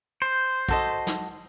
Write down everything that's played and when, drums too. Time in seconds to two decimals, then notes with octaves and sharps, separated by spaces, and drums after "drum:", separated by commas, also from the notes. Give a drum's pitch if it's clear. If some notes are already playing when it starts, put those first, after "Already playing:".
0.22 C5
0.69 F#4 A4 D#5, drum: kick
1.07 drum: snare